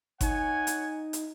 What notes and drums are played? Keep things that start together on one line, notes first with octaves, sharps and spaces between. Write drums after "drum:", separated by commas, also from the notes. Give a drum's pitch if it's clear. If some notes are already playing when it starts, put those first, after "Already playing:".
D#4 C#5 F#5 G#5, drum: kick G1, hi-hat
drum: hi-hat
drum: hi-hat